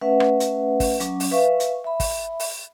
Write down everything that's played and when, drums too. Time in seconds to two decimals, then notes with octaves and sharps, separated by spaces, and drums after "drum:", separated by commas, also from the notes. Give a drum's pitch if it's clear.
0.01 A3 C#4 B4 E5 F#5
0.20 drum: rim click
0.40 drum: hi-hat
0.80 drum: kick, open hi-hat
1.00 F#3 C#4 D6, drum: hi-hat
1.20 drum: open hi-hat
1.31 B4 E5 F5 C#6
1.60 drum: hi-hat
1.84 E5 B5
2.00 drum: kick, open hi-hat
2.40 drum: open hi-hat